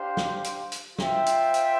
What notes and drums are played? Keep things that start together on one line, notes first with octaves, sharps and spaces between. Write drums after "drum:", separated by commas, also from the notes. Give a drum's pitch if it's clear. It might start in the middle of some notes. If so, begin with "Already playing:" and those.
Already playing: D4 G4 C5 F5
drum: snare
drum: hi-hat
drum: hi-hat
F4 C5 E5 G5, drum: snare
drum: hi-hat
drum: hi-hat